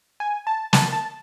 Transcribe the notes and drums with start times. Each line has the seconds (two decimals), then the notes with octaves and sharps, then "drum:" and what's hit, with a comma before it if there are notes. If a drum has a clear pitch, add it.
0.20 G#5
0.47 A5
0.73 A5, drum: snare
0.93 A5